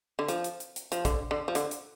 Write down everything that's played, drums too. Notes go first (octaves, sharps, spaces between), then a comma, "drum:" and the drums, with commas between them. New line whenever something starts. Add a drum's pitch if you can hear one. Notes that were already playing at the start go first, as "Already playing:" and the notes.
D3
F3, drum: hi-hat
drum: hi-hat
drum: hi-hat
drum: hi-hat
F3, drum: hi-hat
D3, drum: kick, hi-hat
D3
F3
D3, drum: hi-hat
drum: hi-hat